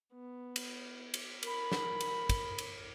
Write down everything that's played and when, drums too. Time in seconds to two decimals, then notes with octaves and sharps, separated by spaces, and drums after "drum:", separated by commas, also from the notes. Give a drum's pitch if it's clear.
0.13 B3
0.56 drum: cymbal
1.14 drum: cymbal
1.43 A#4 B5, drum: cymbal
1.72 drum: snare
2.01 drum: cymbal
2.29 drum: kick, cymbal
2.58 drum: cymbal